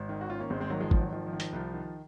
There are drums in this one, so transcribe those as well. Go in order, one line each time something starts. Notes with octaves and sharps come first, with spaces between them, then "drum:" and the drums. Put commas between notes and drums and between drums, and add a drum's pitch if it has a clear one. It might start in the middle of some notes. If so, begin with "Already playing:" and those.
Already playing: G#1
D#3
F#4
D#3 C#4 F4
A#3 C#4
G#1 G#3 C4
G#3 C4
D#3 F#3 A#3
F3 G#3
G#1 F3, drum: kick A1
F#3
D#3 F3
F3
D#3
F3, drum: hi-hat
C2 F3
D#3